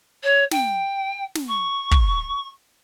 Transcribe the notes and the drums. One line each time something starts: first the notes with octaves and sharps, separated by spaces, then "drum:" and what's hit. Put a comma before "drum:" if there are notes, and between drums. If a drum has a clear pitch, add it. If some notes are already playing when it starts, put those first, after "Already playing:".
C#5
G5, drum: snare
drum: snare
C#6
drum: kick